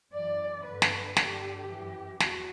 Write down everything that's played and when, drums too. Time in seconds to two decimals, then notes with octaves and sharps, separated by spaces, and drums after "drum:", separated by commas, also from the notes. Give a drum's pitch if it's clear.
0.12 F#2 E3 D5
0.65 G2 D3 B4
0.82 drum: snare
1.17 G2 D3 G4, drum: snare
1.68 F#2 E3
2.20 E2 F#4, drum: snare